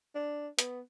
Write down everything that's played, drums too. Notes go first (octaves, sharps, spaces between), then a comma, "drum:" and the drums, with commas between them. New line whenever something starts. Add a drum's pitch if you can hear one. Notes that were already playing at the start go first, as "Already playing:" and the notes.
D4
B3, drum: hi-hat